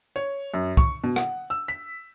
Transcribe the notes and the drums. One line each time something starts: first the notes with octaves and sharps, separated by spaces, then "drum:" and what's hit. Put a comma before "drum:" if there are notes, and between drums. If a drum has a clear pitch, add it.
C#5
F#2
C#6, drum: kick
B2
F#5, drum: rim click
E6
B6